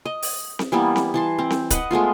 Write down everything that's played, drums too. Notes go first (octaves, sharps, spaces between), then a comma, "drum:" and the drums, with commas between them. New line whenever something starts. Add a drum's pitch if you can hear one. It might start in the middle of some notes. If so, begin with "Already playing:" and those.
D#5
drum: open hi-hat
drum: snare C4
E3 G3 A#3 B3
drum: snare C4
E3 A5 C6
C4
drum: snare C4
B4 D#5 F#5, drum: kick, hi-hat
G#3 A3 B3 F4